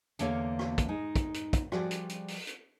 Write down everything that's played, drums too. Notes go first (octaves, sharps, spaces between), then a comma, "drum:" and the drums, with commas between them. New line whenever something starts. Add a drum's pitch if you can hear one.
E2 D3 A#3 A4 C#5 F5, drum: hi-hat
drum: rim click
drum: kick, hi-hat
G#3 D#4
drum: kick, hi-hat
drum: hi-hat
drum: kick, hi-hat
F3 G3 F#4 G#4 D5, drum: rim click
drum: hi-hat
drum: hi-hat
drum: open hi-hat
drum: hi-hat